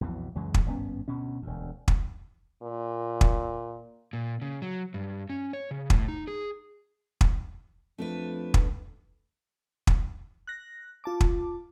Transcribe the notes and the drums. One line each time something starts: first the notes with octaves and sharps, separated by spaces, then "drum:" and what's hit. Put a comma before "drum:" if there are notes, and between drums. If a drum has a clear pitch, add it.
B1 F2 B2 E3
C#2 F#2 E3 G#3
drum: kick
G#1 G2 B3 C#4
D2 B2 C#4
E1 D2
drum: kick
A#2
drum: kick
A#2
C#3
F#3
G2
C#4
C#5
C#3
A2, drum: kick
D#4
G#4
drum: kick
F2 A3 D4 B4
drum: kick
drum: kick
F#6 A#6
F4 A5 D6
drum: kick